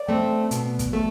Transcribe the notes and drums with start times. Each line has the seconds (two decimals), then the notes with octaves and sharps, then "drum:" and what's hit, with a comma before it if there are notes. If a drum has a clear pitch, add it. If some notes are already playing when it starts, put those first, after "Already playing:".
Already playing: D5
0.09 A3 C4
0.51 B2, drum: hi-hat
0.79 drum: kick, hi-hat
0.93 A3